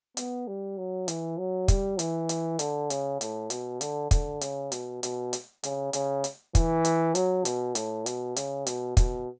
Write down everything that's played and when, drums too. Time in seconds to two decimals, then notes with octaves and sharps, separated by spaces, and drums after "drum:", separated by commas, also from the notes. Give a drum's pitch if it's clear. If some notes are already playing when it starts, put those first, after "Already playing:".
0.17 B3, drum: hi-hat
0.47 G3
0.78 F#3
1.08 E3, drum: hi-hat
1.38 F#3
1.68 G3, drum: kick, hi-hat
1.99 E3, drum: hi-hat
2.29 drum: hi-hat
2.59 D3, drum: hi-hat
2.90 C#3, drum: hi-hat
3.21 A2, drum: hi-hat
3.50 B2, drum: hi-hat
3.81 D3, drum: hi-hat
4.11 D3, drum: kick, hi-hat
4.41 C#3, drum: hi-hat
4.72 B2, drum: hi-hat
5.03 B2, drum: hi-hat
5.33 drum: hi-hat
5.63 C#3, drum: hi-hat
5.93 C#3, drum: hi-hat
6.24 drum: hi-hat
6.55 E3, drum: kick, hi-hat
6.85 drum: hi-hat
7.15 F#3, drum: hi-hat
7.45 B2, drum: hi-hat
7.75 A2, drum: hi-hat
8.06 B2, drum: hi-hat
8.36 C#3, drum: hi-hat
8.66 B2, drum: hi-hat
8.97 B2, drum: kick, hi-hat